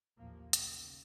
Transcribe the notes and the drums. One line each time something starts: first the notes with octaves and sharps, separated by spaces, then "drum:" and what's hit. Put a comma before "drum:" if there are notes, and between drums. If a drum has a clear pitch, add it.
A1 D#2 F3 A#3
B1 C#3, drum: hi-hat